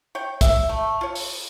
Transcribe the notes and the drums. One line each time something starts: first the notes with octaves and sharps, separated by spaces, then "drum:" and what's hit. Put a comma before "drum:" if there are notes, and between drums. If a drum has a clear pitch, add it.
C#5 G5
E5, drum: kick, hi-hat
A3
F4 C#5
drum: open hi-hat